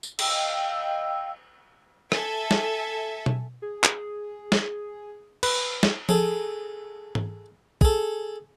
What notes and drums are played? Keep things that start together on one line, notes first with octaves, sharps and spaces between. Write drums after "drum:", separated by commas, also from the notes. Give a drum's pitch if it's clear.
drum: tambourine
D#5 F5 G5 E6, drum: cymbal
A4 E5 G#5, drum: rim click
drum: snare
drum: tom B2
G#4
drum: clap
drum: snare
B4, drum: cymbal
drum: snare
G#4 A4, drum: tom F3
drum: tom G#2
G#4 A4, drum: kick